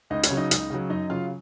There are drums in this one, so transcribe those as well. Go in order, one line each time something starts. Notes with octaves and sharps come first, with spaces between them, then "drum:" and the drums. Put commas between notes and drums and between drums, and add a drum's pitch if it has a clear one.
C#2 D#4 D#5
C#4 C#5, drum: hi-hat
C#3 F#3
D#4 D#5
C#2, drum: hi-hat
C#3 F#3
F#2 D#4 D#5
C#3 F#3 F4 F5